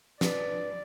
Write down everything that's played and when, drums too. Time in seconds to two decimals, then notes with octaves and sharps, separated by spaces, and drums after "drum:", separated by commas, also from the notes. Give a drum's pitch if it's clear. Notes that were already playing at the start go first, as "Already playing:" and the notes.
0.21 B4 D5, drum: snare